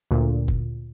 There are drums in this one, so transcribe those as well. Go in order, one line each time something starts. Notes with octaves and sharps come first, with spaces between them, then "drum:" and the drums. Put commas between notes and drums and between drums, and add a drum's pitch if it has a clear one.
D2 A#2
drum: kick F1